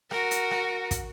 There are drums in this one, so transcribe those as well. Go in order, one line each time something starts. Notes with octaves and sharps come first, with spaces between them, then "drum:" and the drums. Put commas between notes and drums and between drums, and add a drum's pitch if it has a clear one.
F#4 A#4, drum: rim click
drum: hi-hat
drum: rim click
drum: kick, hi-hat